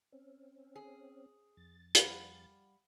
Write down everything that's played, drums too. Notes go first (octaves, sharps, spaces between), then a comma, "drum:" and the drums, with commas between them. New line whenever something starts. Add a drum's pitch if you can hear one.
C4 C#4
G#4
F2 A6
G3 F5 F#5, drum: hi-hat